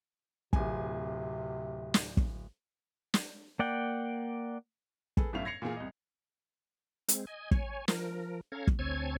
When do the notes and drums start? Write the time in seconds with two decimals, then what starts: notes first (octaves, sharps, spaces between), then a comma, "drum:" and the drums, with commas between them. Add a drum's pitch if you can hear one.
0.53 D1 C3 G#5, drum: kick
1.94 drum: snare
2.17 drum: kick
3.14 drum: snare
3.59 A#3 D5 F#5 G5
5.17 G#4 A4 B4, drum: kick
5.33 G1 F#2 A2 E4 F5 F7
5.45 G#6 A#6 C7 C#7 F7
5.62 A#2 E3 A#3 G#4
5.76 C2 D#5
7.08 G#3 C4, drum: hi-hat
7.27 D#5 G#5
7.51 C#5 G#5, drum: kick
7.88 F3 A#4, drum: snare
8.52 C#4 A4 F5 A#5 G#6
8.67 drum: kick
8.79 D2 C4 C#5 G#5 A5 G#6